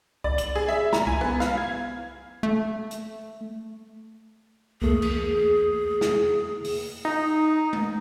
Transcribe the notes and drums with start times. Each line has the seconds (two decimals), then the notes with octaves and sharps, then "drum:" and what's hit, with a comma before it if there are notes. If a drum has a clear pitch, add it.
0.24 D5, drum: kick C2
0.38 F#7, drum: hi-hat
0.55 G#4
0.68 E5
0.93 A#5, drum: snare
1.07 G#5, drum: kick C2
1.21 B3
1.40 F5, drum: snare
1.57 G#6
2.43 A3
2.91 drum: hi-hat
4.82 E2 A3 A#3 G#4, drum: kick C2
5.02 drum: cymbal
6.01 drum: snare
6.65 drum: open hi-hat
7.05 D#4
7.73 drum: tom G#3